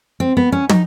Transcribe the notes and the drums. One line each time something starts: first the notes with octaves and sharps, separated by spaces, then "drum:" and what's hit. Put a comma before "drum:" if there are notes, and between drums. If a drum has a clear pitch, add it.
C4
B3
C#4
D#4, drum: tom